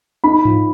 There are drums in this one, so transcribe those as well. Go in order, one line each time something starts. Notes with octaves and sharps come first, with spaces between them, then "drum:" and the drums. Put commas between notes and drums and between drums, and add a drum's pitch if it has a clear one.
D#4 B5
F3, drum: tom G#2